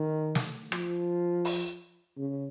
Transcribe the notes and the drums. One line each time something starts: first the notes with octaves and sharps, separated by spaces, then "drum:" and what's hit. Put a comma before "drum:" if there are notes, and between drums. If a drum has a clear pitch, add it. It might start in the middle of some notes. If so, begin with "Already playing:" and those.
Already playing: D#3
drum: snare
F3, drum: rim click
drum: open hi-hat
C#3